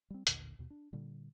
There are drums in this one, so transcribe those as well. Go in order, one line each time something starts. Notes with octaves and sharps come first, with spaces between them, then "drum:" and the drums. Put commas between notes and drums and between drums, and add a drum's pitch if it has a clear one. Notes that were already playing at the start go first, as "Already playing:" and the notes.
G3 C4
A1 D#2 A#2 D3, drum: hi-hat
D#2 B2
D4
A#2 D3 G3